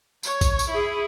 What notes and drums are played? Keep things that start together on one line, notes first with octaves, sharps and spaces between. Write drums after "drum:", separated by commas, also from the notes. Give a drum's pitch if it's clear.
C#5, drum: tambourine
drum: kick A#1, tambourine
drum: tambourine
E4 G#4